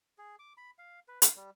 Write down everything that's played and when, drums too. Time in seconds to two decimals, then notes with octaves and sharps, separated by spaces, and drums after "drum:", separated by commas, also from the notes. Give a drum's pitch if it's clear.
0.18 G#4
0.39 D6
0.57 B5
0.79 F5
1.08 B4
1.22 F5, drum: hi-hat
1.36 G3